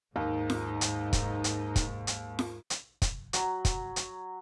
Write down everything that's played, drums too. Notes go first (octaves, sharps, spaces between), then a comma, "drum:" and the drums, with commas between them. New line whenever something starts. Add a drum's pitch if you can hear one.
D#2 G#2 D#4
drum: snare F4
drum: hi-hat
drum: kick, hi-hat
drum: hi-hat
drum: kick, hi-hat
drum: hi-hat
drum: snare F4
drum: hi-hat
drum: kick, hi-hat
F#3, drum: hi-hat
drum: kick, hi-hat
drum: hi-hat